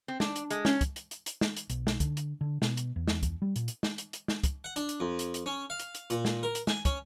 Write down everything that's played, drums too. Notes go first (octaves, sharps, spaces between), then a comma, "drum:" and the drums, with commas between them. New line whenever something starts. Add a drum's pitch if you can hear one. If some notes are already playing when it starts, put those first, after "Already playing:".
C4
D4, drum: snare
drum: hi-hat
G#3, drum: hi-hat
C#4, drum: snare
drum: kick, hi-hat
drum: hi-hat
drum: hi-hat
drum: hi-hat
drum: snare
drum: hi-hat
B1, drum: hi-hat
drum: snare
D3, drum: kick, hi-hat
drum: hi-hat
D3
B2, drum: snare
drum: hi-hat
E2
drum: snare
drum: kick, hi-hat
G3
A#2, drum: hi-hat
drum: hi-hat
drum: snare
drum: hi-hat
drum: hi-hat
drum: snare
drum: kick, hi-hat
F#5
D4, drum: hi-hat
drum: hi-hat
F2
drum: hi-hat
drum: hi-hat
C#4
F5
drum: hi-hat
drum: hi-hat
A#2, drum: hi-hat
drum: snare
A#4
drum: hi-hat
G#5, drum: snare
C#4, drum: kick, hi-hat